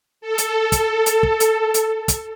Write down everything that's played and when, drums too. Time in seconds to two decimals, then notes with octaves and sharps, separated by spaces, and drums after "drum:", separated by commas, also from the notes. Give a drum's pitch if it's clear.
0.21 A4
0.38 drum: hi-hat
0.72 drum: kick, hi-hat
1.06 drum: hi-hat
1.23 drum: kick
1.40 drum: hi-hat
1.74 drum: hi-hat
2.08 drum: kick, hi-hat